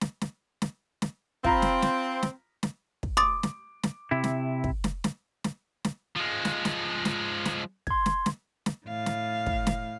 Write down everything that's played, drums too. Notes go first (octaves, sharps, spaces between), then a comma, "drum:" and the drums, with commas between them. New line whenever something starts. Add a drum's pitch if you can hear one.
drum: snare
drum: snare
drum: snare
drum: snare
C4 F4 A#5 B5, drum: kick
drum: snare
drum: snare
drum: snare
drum: snare
drum: kick
C6 D6 D#6 A6
drum: snare
drum: snare
C3 E4
drum: snare
drum: kick
drum: snare
drum: snare
drum: snare
drum: snare
F3 G#3
drum: snare
drum: snare
drum: snare
drum: snare
C6 G#6, drum: kick
drum: snare
drum: snare
drum: snare
A2 F5
drum: snare
drum: kick
drum: snare